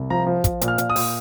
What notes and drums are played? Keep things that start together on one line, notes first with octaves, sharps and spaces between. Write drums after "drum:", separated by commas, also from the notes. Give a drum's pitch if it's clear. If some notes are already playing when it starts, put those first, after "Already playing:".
Already playing: C2
F3 A#5
F3
F3, drum: kick, hi-hat
A#2, drum: hi-hat
F6
A#2, drum: hi-hat
D#6
A#2, drum: open hi-hat